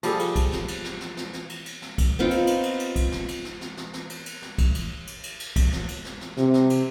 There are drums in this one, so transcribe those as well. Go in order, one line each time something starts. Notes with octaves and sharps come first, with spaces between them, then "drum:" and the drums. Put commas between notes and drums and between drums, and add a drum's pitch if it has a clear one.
F3 G3 G#4 A4, drum: cymbal
drum: cymbal
drum: kick, cymbal
drum: snare
drum: cymbal
drum: snare
drum: snare
drum: snare
drum: snare
drum: cymbal
drum: cymbal
drum: snare
drum: kick, cymbal
B3 C4 D#4 F4
drum: cymbal
drum: cymbal
drum: cymbal
drum: cymbal
drum: kick, cymbal
drum: snare
drum: cymbal
drum: snare
drum: snare
drum: snare
drum: snare
drum: cymbal
drum: cymbal
drum: snare
drum: kick, cymbal
drum: cymbal
drum: cymbal
drum: cymbal
drum: cymbal
drum: kick, cymbal
drum: snare
drum: cymbal
drum: snare
drum: snare
C3, drum: snare
drum: snare
drum: cymbal